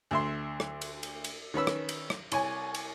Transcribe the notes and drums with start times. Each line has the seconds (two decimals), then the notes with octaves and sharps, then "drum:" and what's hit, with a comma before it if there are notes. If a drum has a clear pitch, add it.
0.11 D2 E5 C6
0.60 drum: rim click
0.81 drum: cymbal
1.03 drum: cymbal
1.24 drum: cymbal
1.54 D#3 C#4 B4 E6
1.67 drum: rim click
1.89 drum: cymbal
2.10 drum: rim click
2.32 C2 C#5 G#5, drum: cymbal
2.74 drum: cymbal